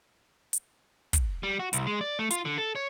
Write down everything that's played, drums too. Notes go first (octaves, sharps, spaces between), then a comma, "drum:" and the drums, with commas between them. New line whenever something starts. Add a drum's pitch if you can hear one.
drum: hi-hat
drum: kick, hi-hat
G3
F#4
C2, drum: hi-hat
G#3
D5
A3
F4, drum: hi-hat
D3
A4
C#5